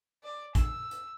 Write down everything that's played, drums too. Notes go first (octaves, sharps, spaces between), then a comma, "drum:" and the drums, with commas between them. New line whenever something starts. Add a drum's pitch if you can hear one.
D5
E6, drum: kick, hi-hat
drum: hi-hat